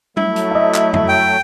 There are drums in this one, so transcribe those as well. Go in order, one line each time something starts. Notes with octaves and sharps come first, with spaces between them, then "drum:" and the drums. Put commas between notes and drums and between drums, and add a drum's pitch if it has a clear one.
F#3 A3 E4, drum: tom G3
drum: hi-hat
D#5 E5
drum: clap
drum: tom
G5